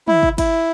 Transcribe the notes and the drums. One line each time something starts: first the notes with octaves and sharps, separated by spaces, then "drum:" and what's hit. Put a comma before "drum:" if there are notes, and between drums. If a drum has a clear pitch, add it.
E4, drum: tom
drum: kick
E4, drum: kick, cymbal